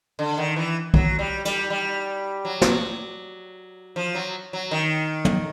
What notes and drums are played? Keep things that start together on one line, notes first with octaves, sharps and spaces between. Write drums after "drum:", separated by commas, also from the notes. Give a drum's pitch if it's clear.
D3
D#3
E3
F#3, drum: kick
G3
G3, drum: cymbal
G3
F#3
drum: snare
F3
F#3
F#3
D#3
drum: tom